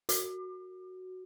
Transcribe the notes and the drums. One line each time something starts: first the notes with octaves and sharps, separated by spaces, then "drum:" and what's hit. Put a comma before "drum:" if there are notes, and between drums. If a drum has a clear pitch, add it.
F#4, drum: hi-hat